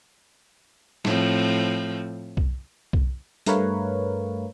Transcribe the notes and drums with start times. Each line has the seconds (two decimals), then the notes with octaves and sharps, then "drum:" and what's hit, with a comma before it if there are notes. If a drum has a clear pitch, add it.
1.05 A2 F3 C4, drum: snare
2.37 drum: kick B1
2.93 drum: kick B1
3.46 G2 A3 A#4 B4 C#5 F5, drum: hi-hat